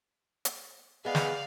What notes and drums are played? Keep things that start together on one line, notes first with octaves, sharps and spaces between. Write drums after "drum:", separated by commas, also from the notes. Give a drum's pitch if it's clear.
drum: hi-hat
G#3 B3 G#4 D5 F5
drum: snare